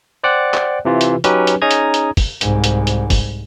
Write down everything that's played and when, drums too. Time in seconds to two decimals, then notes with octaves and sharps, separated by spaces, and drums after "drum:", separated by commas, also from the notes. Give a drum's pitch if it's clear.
0.24 C5 D5 F#5 G5 F#6
0.54 drum: clap
0.85 C3 E3 F4
1.01 drum: hi-hat
1.24 F#3 C#4 D#4 G4 B4, drum: hi-hat
1.47 drum: hi-hat
1.62 C#4 D#4 G#4 A#5 D#6 G#6
1.71 drum: hi-hat
1.94 drum: hi-hat
2.17 drum: kick, open hi-hat
2.41 C2 G#2, drum: hi-hat
2.64 drum: hi-hat
2.87 drum: hi-hat
3.10 drum: kick, open hi-hat